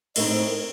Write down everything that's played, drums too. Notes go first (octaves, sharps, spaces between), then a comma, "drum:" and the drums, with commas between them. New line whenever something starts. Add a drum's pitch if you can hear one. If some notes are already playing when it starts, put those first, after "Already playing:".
A2 A3 C4 D#4 D#5, drum: cymbal
C5
A#4